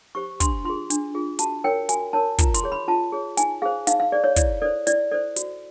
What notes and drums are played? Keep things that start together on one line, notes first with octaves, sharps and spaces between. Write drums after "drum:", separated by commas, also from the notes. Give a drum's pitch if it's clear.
G4 C5 C#6
D4 C6, drum: kick, hi-hat
F4 G#4 C6
D4, drum: hi-hat
F4 G#4
F#4 A5, drum: hi-hat
A#4 C#5 G5
F#4 G#5, drum: hi-hat
A#4 C#5 A5
F4 A#5, drum: kick, hi-hat
C6, drum: hi-hat
G#4 C#5
B5
F4 A5
G#4 C#5
D#4 G#5, drum: hi-hat
G#4 C5 F5
D#4 F5, drum: hi-hat
F5
G#4 C5 D5
C#5
E4 D5, drum: kick, hi-hat
A4 C5 D5
E4 D5, drum: hi-hat
A4 C5 D5
F#4, drum: hi-hat